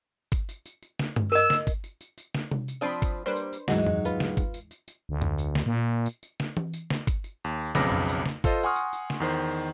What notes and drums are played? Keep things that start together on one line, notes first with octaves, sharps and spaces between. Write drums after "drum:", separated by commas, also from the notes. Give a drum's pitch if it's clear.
drum: kick, tambourine
drum: tambourine
drum: tambourine
drum: tambourine
drum: snare
drum: tom G2
A#4 D#5 E6
drum: snare
drum: kick, tambourine
drum: tambourine
drum: tambourine
drum: tambourine
drum: snare
drum: tom C3
drum: tambourine
F3 C4 D4 B5 C6 D#6
drum: kick, tambourine
G3 A#3 D4 B4 C5
drum: tambourine
drum: tambourine
D#2 G#2 E3 F#3 G#3 D#4 F#4, drum: snare
drum: tom F2
F4 B4, drum: tambourine
drum: snare
drum: kick, tambourine
drum: tambourine
drum: tambourine
drum: tambourine
D2
drum: tom F2
drum: tambourine
drum: snare
A#2
drum: tambourine
drum: tambourine
drum: snare
drum: tom E3
drum: tambourine
drum: snare
drum: kick, tambourine
drum: tambourine
D#2
B1 F2 C#3 B4 D6 A#6, drum: snare
drum: tom F2
drum: tambourine
drum: snare
F4 A4 C5 D#5, drum: kick, tambourine
F#5 G#5 C6 C#6 D#6 F6
drum: tambourine
drum: tambourine
drum: snare
E2 D#3 C5